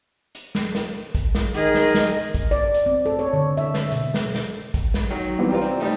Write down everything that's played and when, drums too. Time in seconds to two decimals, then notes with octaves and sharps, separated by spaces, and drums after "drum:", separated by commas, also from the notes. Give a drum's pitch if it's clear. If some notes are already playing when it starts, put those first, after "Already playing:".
0.35 drum: hi-hat
0.55 drum: snare
0.75 drum: snare
1.15 drum: kick A1, hi-hat
1.35 drum: snare
1.55 D#3 G#4 A#4 D#5, drum: hi-hat
1.75 drum: snare
1.95 drum: snare
2.34 drum: kick A1, hi-hat
2.51 D5
2.74 drum: hi-hat
2.86 C4
3.06 A4
3.19 C#5
3.33 D3
3.57 E5
3.74 drum: snare
3.92 B2, drum: hi-hat
4.14 drum: snare
4.34 drum: snare
4.74 drum: kick A1, hi-hat
4.94 drum: snare
5.10 D#3 F#3
5.38 E3 G3 C4
5.50 C3 F4 C5 D5 A#5
5.62 C4
5.80 G3 A3 D#4